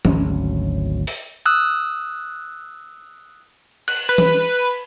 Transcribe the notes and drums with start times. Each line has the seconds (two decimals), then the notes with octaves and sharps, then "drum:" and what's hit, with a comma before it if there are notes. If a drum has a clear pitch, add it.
0.05 G#1 D2 F#3 C#4, drum: tom
1.07 drum: open hi-hat
1.46 D#6 E6 F#6
3.88 F#6, drum: cymbal
4.09 B4
4.18 drum: tom